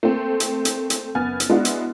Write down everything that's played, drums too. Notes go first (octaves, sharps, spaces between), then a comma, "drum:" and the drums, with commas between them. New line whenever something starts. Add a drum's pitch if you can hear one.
A3 A#3 C4
drum: hi-hat
drum: hi-hat
drum: hi-hat
F#1 B3 G#5 F6 A6
drum: hi-hat
G#3 B3 D4 E4 F#4
drum: hi-hat